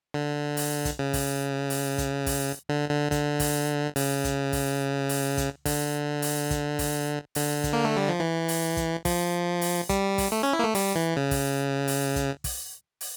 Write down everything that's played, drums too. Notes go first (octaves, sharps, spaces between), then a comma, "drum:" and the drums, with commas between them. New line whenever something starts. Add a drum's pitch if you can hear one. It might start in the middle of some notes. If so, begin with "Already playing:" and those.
D3
drum: open hi-hat
drum: kick, hi-hat
C#3
drum: kick, open hi-hat
drum: open hi-hat
drum: kick, hi-hat
drum: kick, open hi-hat
D3
D3
D3, drum: kick, hi-hat
drum: kick, open hi-hat
C#3, drum: open hi-hat
drum: kick, hi-hat
drum: kick, open hi-hat
drum: open hi-hat
drum: kick, hi-hat
D3, drum: kick, open hi-hat
drum: open hi-hat
drum: kick, hi-hat
drum: kick, open hi-hat
D3, drum: open hi-hat
drum: kick, hi-hat
A#3
A3
G3
F3
E3
drum: open hi-hat
drum: kick, hi-hat
F3, drum: kick, open hi-hat
drum: open hi-hat
G3, drum: kick, hi-hat
drum: kick, open hi-hat
A3
C#4
E4
A#3
A3
G3, drum: open hi-hat
E3
C#3
drum: kick, open hi-hat
drum: open hi-hat
drum: kick, hi-hat
drum: kick, open hi-hat
drum: open hi-hat